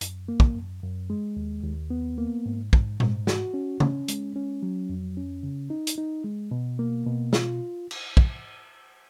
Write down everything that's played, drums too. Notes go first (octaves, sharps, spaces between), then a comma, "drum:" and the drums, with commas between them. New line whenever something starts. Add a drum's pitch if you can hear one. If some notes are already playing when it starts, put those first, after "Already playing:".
F#2, drum: hi-hat
A#3
drum: kick
F#2
F#2
G#3
D#2
D#2
B3
A#3
G#2
G#2, drum: kick
G#2, drum: tom A#2
F#4, drum: snare
C#4
C#4, drum: tom C#3
G#3, drum: hi-hat
C#4
F#3
F2
C#4
C#3
D#4
drum: hi-hat
D#4
G#3
B2
A#3
B2
F4, drum: snare
drum: cymbal
drum: kick